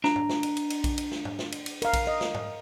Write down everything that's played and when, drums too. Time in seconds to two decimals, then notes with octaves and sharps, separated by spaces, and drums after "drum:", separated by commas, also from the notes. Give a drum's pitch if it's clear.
0.04 D4 A#5, drum: snare
0.16 drum: tom G#2
0.29 drum: snare
0.43 drum: cymbal
0.57 drum: cymbal
0.70 drum: cymbal
0.84 drum: kick A#1, cymbal
0.98 drum: cymbal
1.11 drum: snare
1.25 drum: tom G#2
1.39 drum: snare
1.52 drum: cymbal
1.66 drum: cymbal
1.82 A#4 F5, drum: cymbal
1.93 drum: kick A#1, cymbal
2.07 D#5
2.21 drum: snare
2.34 drum: tom G#2